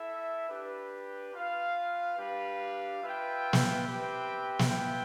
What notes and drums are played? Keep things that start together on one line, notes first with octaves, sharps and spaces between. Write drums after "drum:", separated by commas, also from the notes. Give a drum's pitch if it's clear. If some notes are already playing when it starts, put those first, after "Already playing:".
Already playing: E4 A4 E5
D4 G4 B4
F4 B4 F5
G3 D4 G4 B4 F5
F4 B4 E5 G5
drum: snare
C4 G4 B4 E5 G5
drum: snare
F4 B4 E5 G5